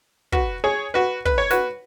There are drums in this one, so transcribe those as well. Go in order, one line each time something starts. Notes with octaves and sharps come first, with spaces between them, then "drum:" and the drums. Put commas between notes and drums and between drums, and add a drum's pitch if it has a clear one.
F#4 B4, drum: kick
G#4 C#5
F#4 B4
B4, drum: kick
C#5
F#4 B4, drum: snare